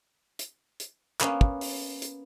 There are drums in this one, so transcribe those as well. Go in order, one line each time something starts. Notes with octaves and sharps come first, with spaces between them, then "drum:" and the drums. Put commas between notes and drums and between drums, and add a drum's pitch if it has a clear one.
drum: hi-hat
drum: hi-hat
A#3 B3 C#4, drum: clap
drum: kick
drum: open hi-hat
drum: hi-hat